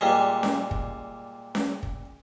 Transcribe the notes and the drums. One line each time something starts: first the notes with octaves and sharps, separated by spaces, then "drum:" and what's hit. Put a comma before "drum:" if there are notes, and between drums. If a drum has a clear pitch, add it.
A#2 G3 G#3
drum: snare C#4
drum: kick
drum: snare C#4
drum: kick